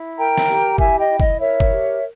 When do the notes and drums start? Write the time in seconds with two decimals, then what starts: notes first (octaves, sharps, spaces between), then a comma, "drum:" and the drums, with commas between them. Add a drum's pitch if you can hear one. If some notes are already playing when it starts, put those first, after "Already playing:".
Already playing: E4
0.17 A#4 G5 A#5
0.38 drum: snare
0.48 G4
0.78 E4 E5 G#5, drum: kick
0.99 D#5 G5
1.09 E4
1.20 D#5, drum: kick
1.40 A#4 C#5 E5
1.60 drum: kick
1.71 G4